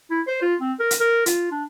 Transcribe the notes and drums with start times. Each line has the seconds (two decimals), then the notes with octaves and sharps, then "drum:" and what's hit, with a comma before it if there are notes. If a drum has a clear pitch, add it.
0.10 E4
0.27 C5
0.41 F4
0.60 C4
0.79 A#4
0.91 drum: hi-hat
1.00 A#4
1.26 F4, drum: hi-hat
1.51 D4